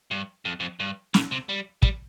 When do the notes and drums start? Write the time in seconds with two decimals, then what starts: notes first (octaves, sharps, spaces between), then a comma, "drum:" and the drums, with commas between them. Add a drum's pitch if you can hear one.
0.11 G2
0.45 F2
0.60 F2
0.80 G2
1.14 A#2, drum: snare
1.32 C3
1.49 G3
1.82 G3, drum: kick